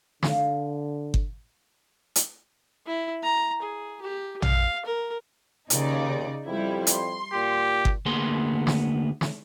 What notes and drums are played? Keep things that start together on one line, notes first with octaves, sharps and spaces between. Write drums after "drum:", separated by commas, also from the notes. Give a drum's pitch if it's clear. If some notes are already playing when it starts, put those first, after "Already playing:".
D3 F5, drum: snare
drum: kick G1
drum: hi-hat
E4
A#5
G#4
G4
F5, drum: tom
A#4
D#2 C#3 D#4 D5, drum: hi-hat
F2 G3 E4
C6, drum: hi-hat
A#2 G4
drum: kick G1
D2 A#3 B3 G#4 C6
drum: snare
drum: snare